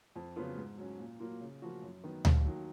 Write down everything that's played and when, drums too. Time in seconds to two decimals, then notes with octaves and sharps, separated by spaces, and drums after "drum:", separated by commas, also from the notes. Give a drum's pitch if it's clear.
0.16 F2
0.36 C#3 F#3 B3 F4
0.57 G#2
0.78 F#3 C#4
0.99 A#2
1.20 F#3 A#3 F4
1.41 C#3
1.62 F3 A#3 C#4 F#4
1.83 F#2
2.04 D#3 F#3 B3
2.25 D#2, drum: tom D2
2.45 D#3 F#3